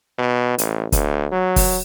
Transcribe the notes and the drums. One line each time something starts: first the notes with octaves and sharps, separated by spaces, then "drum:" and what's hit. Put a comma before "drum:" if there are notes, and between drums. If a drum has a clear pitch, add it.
B2
A1, drum: hi-hat
D2, drum: kick, hi-hat
F#3
drum: kick, open hi-hat